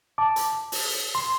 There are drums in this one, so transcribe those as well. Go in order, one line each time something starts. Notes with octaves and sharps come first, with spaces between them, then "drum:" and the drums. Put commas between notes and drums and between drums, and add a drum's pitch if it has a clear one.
A5 D6
drum: hi-hat
drum: open hi-hat
C6